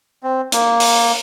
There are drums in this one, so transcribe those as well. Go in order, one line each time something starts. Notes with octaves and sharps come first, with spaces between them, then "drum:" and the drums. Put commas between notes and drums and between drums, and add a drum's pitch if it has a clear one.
C4
A#3, drum: hi-hat
drum: open hi-hat